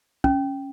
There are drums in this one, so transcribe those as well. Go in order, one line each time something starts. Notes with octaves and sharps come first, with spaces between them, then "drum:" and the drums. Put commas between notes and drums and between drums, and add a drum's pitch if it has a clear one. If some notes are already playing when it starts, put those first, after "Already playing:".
C#4, drum: kick